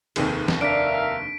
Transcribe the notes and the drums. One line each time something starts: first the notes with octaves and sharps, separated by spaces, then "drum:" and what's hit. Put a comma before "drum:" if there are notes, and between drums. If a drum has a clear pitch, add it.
F1 D#2 D#3 C4 G#4, drum: cymbal
drum: snare
D4 A#4 E5 F5 B6 D7